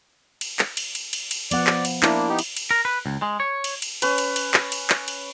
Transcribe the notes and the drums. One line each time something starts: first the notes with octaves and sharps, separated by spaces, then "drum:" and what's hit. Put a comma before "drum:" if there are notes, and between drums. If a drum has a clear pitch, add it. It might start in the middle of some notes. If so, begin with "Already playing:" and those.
drum: cymbal
drum: clap
drum: cymbal
drum: cymbal
drum: cymbal
drum: cymbal
F3 B3 D5 F#5, drum: cymbal
drum: clap
drum: cymbal
A#3 D4 E4, drum: clap
B3 D#4 G4
drum: cymbal
drum: cymbal
A#4
B4
C#2
G#3
C#5
drum: cymbal
drum: cymbal
C#4 B4, drum: cymbal
drum: cymbal
drum: cymbal
drum: clap
drum: cymbal
drum: clap
drum: cymbal